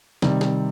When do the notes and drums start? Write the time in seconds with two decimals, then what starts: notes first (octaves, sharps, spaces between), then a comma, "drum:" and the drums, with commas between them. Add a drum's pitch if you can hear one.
0.22 C3 D#3 G3, drum: snare
0.41 drum: snare